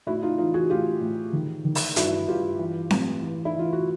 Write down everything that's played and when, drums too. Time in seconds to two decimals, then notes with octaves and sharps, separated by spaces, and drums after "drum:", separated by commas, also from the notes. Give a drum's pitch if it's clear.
0.07 A2 E4 F#4
0.22 D#4 F4
0.38 E3 D#4 F4
0.54 F#4 G#4
0.70 A2 F4 G4
1.01 A2
1.33 D#3
1.65 D#3
1.75 drum: open hi-hat
1.96 G2 E4 F#4, drum: hi-hat
2.28 G2 F4 G4
2.59 E3
2.91 A2, drum: snare C4
3.22 E3
3.45 E4
3.54 E3 F4
3.73 F#4